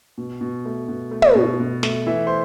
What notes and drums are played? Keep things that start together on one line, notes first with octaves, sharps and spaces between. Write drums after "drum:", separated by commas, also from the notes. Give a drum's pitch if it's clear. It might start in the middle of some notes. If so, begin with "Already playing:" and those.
B2
B2
A3
B2
A3
drum: tom
B2
B2
A3, drum: snare
E3 E5
C5